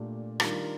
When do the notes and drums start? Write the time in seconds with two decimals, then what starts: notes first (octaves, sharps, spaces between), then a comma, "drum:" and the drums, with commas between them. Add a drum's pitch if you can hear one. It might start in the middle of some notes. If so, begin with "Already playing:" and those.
Already playing: A#2 A3 D4 G4
0.40 D#3 G3 D4 F4 A#4, drum: rim click